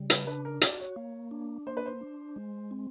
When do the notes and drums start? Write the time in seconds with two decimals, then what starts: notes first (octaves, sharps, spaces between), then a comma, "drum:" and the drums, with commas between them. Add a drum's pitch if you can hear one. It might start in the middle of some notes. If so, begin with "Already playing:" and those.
Already playing: C#3 G3
0.10 B4, drum: hi-hat
0.27 D4 B4
0.45 A#4
0.61 F#4 D5, drum: hi-hat
0.80 C#5
0.96 A#3
1.31 D4
1.67 A#3 C5
1.77 B4
1.86 C5
2.01 D4
2.36 G#3
2.71 C4